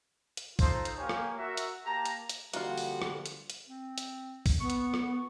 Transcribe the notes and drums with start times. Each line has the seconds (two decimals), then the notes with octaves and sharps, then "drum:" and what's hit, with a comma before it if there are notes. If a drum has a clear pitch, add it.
0.37 drum: hi-hat
0.59 D#4 F4 A4 C5, drum: kick B1, open hi-hat
0.85 drum: hi-hat
0.98 A#3 G4 C#5 F5 G#5
1.09 drum: rim click
1.38 F#4 A#4 E5
1.57 drum: hi-hat
1.86 A#3 G4 A5 A#5
2.05 drum: hi-hat
2.29 drum: hi-hat
2.54 D3 F3 G3 A#3 F4 F#4, drum: hi-hat
2.78 drum: open hi-hat
3.02 drum: rim click
3.26 drum: hi-hat
3.50 drum: hi-hat
3.68 C4
3.98 drum: hi-hat
4.46 drum: kick B1, open hi-hat
4.60 B3 C#6
4.70 drum: hi-hat
4.94 drum: rim click